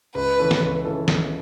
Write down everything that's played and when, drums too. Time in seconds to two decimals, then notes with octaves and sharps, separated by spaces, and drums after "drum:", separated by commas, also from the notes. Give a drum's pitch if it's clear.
0.15 C#2 B4
0.39 C#3 E3 C#4 A4
0.51 drum: snare
0.62 C#2
0.85 C#3 E3 C#4 A4
1.08 C#2, drum: snare